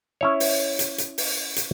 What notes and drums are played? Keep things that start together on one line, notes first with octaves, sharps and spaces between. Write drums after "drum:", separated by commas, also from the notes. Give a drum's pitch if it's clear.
C#4 E4 C#5
drum: open hi-hat
drum: hi-hat
drum: hi-hat
drum: open hi-hat
drum: hi-hat